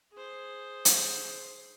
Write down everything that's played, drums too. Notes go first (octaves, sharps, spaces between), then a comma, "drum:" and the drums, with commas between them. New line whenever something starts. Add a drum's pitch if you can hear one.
G#4 C5
drum: hi-hat